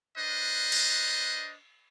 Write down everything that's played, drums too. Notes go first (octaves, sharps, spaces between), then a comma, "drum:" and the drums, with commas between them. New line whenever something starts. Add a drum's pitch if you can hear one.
D4 B4 C5 D#5
drum: cymbal